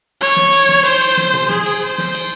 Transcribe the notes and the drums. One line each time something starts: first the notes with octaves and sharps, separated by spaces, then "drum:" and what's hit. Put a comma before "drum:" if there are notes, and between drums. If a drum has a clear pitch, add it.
C#5, drum: cymbal
drum: snare
drum: cymbal
drum: snare
C5, drum: cymbal
drum: cymbal
drum: snare
drum: tom B2
G#4, drum: snare
drum: cymbal
C5
drum: snare
drum: cymbal